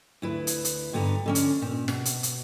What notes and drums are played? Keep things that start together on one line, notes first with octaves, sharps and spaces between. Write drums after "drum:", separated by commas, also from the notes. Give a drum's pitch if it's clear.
D2 E4 B4
drum: hi-hat
drum: hi-hat
G2 D3 B3 A#5
D3 C4 C#4
drum: hi-hat
A#2
B2, drum: snare
drum: hi-hat
drum: hi-hat